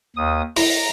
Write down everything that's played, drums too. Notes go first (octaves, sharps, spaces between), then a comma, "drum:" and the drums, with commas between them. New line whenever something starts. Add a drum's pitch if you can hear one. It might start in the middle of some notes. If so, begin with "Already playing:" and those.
D#2 D#6
E4 A#5, drum: open hi-hat